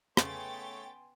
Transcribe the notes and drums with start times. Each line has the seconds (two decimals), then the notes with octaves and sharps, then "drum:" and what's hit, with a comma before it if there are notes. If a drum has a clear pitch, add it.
0.17 C#3 A3 B3 C#5 G5 G#5 C6 A6, drum: rim click